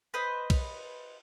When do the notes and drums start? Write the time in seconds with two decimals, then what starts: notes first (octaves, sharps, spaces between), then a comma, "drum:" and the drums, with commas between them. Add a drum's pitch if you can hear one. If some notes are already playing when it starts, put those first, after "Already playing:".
0.14 B4 C5 D#5
0.50 drum: kick, cymbal